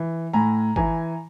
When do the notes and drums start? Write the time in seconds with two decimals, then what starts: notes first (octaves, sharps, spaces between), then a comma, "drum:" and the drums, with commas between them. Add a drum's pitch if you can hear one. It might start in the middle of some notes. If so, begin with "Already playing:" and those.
Already playing: E3
0.33 A2 G#5 A#5
0.76 E3 G#5 A#5, drum: kick G1